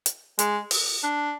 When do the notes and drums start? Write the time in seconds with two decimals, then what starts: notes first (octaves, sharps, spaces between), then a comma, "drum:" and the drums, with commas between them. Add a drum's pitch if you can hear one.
0.06 drum: hi-hat
0.39 G#3, drum: hi-hat
0.71 drum: open hi-hat
1.03 D4